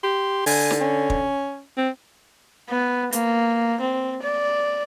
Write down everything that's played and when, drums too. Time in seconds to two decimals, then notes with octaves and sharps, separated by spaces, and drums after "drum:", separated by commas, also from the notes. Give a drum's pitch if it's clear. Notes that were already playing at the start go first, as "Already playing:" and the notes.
0.04 G4 C6
0.46 D3 G#5, drum: open hi-hat
0.71 drum: snare
0.81 C#4
1.10 drum: kick
1.77 C4
2.70 B3
3.12 A#3, drum: hi-hat
3.80 C4
4.22 D5